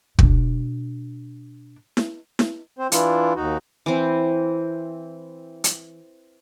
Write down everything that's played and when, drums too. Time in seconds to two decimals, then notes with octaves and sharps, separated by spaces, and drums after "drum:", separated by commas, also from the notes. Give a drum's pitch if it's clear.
0.19 B2 D4, drum: kick
1.97 drum: snare E4
2.39 drum: snare E4
2.79 C4 C5
2.92 E3 D4 E4 F4, drum: hi-hat
3.36 D#2 D#4 F#4
3.86 E3 C4
5.64 drum: hi-hat